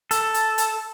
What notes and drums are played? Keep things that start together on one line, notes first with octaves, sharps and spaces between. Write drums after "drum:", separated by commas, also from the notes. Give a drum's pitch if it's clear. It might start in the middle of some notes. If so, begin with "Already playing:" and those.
A4, drum: hi-hat
drum: hi-hat
drum: hi-hat